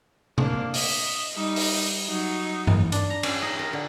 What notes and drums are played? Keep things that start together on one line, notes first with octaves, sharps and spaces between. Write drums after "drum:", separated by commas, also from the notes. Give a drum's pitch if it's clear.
A#3 D4, drum: tom C3
D#5 E5, drum: open hi-hat
G3 D#4
drum: open hi-hat
F#3 D#4
drum: tom G2
D4, drum: hi-hat
A#5
C#4, drum: cymbal
D#4
A#4
D3